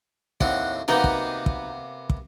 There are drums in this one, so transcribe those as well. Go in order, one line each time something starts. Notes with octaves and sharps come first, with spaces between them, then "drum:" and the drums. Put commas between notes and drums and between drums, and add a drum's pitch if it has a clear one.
D#2 A2 C4 F#5, drum: kick
C3 A#3 B3 D#4 F#4 B4
drum: kick
drum: kick
drum: kick